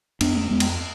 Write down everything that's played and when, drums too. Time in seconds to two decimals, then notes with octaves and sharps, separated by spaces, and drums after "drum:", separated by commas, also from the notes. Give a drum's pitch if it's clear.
0.21 F2 B3 D4, drum: cymbal
0.36 A3 C#4
0.51 F2 G#3 B3
0.60 drum: cymbal